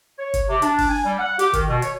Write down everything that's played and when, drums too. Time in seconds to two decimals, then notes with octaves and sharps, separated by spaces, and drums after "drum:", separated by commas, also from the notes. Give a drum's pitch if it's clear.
0.18 C#5
0.34 drum: kick F#1, hi-hat
0.49 C3
0.62 D4, drum: hi-hat
0.79 drum: kick F#1, open hi-hat
0.89 G#5
1.05 G3
1.19 F#5
1.39 G4, drum: hi-hat
1.54 D#3, drum: kick F#1, hi-hat
1.68 B2
1.82 C#5, drum: hi-hat